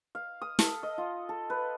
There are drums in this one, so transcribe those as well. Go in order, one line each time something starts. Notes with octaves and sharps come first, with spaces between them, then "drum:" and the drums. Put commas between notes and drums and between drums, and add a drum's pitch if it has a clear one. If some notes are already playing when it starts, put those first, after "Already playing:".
F5
D#6
A4, drum: snare
D#5
F4
A4
B4